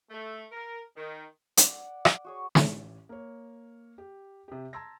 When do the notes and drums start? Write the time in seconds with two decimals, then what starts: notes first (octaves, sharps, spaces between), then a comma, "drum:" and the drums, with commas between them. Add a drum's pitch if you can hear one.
0.10 A3
0.52 A#4
0.97 D#3
1.57 D5 F#5, drum: hi-hat
2.05 drum: rim click
2.25 F#4 G#4 C#5
2.55 A1, drum: snare
3.09 A#3 C#5
3.98 G4
4.48 C3 G4
4.73 A5 A#5 C6 E6 G#6 A#6